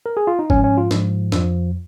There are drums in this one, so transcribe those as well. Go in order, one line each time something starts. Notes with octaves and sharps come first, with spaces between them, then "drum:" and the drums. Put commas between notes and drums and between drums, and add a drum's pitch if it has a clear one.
A#4
G#4
F4
D#4
G#2 F3 C#4, drum: kick G1
C#4
F4
G#2 F3, drum: snare
F2 F3, drum: snare